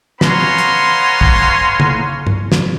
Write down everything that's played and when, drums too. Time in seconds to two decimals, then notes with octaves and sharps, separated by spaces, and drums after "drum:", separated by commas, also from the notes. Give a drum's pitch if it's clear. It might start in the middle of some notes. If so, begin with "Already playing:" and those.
0.21 B3 C#5 F5 G#5 A#5 C6, drum: snare
0.58 drum: hi-hat
1.21 drum: kick
1.80 drum: tom
2.27 drum: tom
2.52 drum: snare